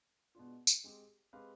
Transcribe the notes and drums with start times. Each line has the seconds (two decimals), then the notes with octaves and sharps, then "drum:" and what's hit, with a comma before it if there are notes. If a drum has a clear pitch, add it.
0.35 B2 G#3 D4 F4
0.67 drum: tambourine
0.84 G#3 C4 G4
1.33 G#3 C4 G4 B4 F5